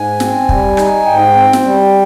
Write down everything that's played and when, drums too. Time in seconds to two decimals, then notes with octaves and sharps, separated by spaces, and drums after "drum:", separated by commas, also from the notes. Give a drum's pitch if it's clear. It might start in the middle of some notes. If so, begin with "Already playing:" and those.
Already playing: G#2 G#5
0.20 C4, drum: snare
0.49 G3, drum: kick
0.77 D#4, drum: rim click
1.06 G#2 G5
1.35 C4
1.53 drum: snare
1.64 G3